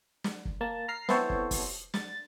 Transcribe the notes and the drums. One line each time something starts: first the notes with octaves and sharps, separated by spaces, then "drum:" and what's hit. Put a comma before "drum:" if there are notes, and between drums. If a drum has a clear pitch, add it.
drum: snare
drum: kick
A#3 A5
A#5 F6 C7
B3 C4 E4 A4 C5 C#5, drum: snare
drum: kick
drum: kick, open hi-hat
A6, drum: snare